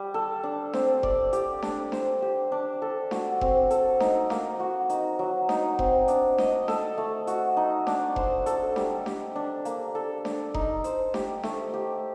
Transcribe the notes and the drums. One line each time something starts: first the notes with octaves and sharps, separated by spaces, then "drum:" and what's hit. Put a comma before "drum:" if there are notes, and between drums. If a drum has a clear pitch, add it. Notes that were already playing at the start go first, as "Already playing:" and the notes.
Already playing: G3
A4
D4
C4, drum: snare D4
D5, drum: kick F1
G4, drum: hi-hat
D4, drum: snare D4
C5, drum: snare D4
G4
D4
A4
F#4, drum: snare D4
C4, drum: kick F1
A4, drum: hi-hat
D#4, drum: snare D4
A#3, drum: snare D4
F#4
D#4, drum: hi-hat
F#3
D#4, drum: snare D4
C4, drum: kick F1
D4, drum: hi-hat
D#5, drum: snare D4
A4, drum: snare D4
A3
F#4, drum: hi-hat
D#4
D4, drum: snare D4
C5, drum: kick F1
A4, drum: hi-hat
G3, drum: snare D4
G4, drum: snare D4
D4
A#3, drum: hi-hat
A4
D4, drum: snare D4
D#4, drum: kick F1
C5, drum: hi-hat
G4, drum: snare D4
A3, drum: snare D4
G4